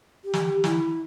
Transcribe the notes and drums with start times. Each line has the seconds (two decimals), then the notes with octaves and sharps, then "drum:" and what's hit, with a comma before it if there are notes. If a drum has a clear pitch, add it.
0.24 G4
0.34 drum: snare
0.64 E4, drum: snare